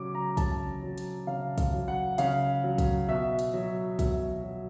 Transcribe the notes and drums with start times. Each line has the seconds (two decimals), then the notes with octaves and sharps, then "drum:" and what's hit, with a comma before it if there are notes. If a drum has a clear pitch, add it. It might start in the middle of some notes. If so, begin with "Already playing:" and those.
Already playing: C#3 F#3 D6
0.15 A#5
0.37 C#3 A5, drum: kick, hi-hat
0.82 F#3
0.98 drum: hi-hat
1.27 C#3 F5
1.58 F5, drum: kick, hi-hat
1.73 F#3
1.88 F#5
2.18 C#3 F5, drum: hi-hat
2.64 F#3
2.78 drum: kick, hi-hat
3.09 B2 E5
3.39 drum: hi-hat
3.54 F#3
3.99 B2 E5, drum: kick, hi-hat
4.44 F#3